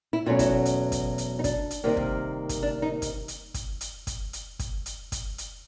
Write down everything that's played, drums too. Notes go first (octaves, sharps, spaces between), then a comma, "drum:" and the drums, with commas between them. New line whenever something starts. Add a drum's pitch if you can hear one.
E4
E2 B2 F#3 A3 C#4 F4
E4, drum: kick, hi-hat
drum: hi-hat
drum: kick, hi-hat
drum: hi-hat
D#4
D4, drum: kick, hi-hat
drum: hi-hat
C3 D#3 G3 A#3
drum: kick
drum: kick, hi-hat
D4
D#4
drum: kick, hi-hat
drum: hi-hat
drum: kick, hi-hat
drum: hi-hat
drum: kick, hi-hat
drum: hi-hat
drum: kick, hi-hat
drum: hi-hat
drum: kick, hi-hat
drum: hi-hat